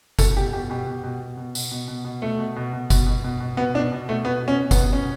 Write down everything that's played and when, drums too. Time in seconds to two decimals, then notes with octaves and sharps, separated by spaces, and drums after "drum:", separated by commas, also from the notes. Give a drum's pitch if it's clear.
0.19 B2 A4, drum: kick F#1, tambourine
0.37 B2 G4
0.53 B2 G4
0.70 B2 G4
0.86 B2
1.04 B2
1.20 B2
1.37 B2
1.55 B2, drum: tambourine
1.72 B2
1.88 B2
2.05 B2
2.22 B2 A3
2.39 B2
2.56 B2
2.73 B2
2.90 B2, drum: kick F#1, tambourine
3.07 B2
3.24 B2
3.40 B2
3.57 B2 B3
3.75 B2 D4
3.92 B2
4.08 B2 A3
4.25 B2 B3
4.42 B2
4.48 C#4
4.59 B2
4.71 B3, drum: kick F#1, tambourine
4.76 B2
4.93 B2 C#4